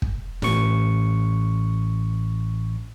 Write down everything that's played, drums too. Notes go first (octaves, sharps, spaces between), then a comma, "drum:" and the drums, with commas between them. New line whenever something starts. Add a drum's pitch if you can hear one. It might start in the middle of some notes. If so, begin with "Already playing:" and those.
drum: kick
A1 C#6, drum: snare